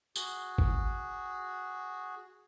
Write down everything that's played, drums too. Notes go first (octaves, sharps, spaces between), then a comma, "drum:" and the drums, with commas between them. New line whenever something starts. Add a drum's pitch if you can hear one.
F#4 G#4, drum: tambourine
drum: kick G1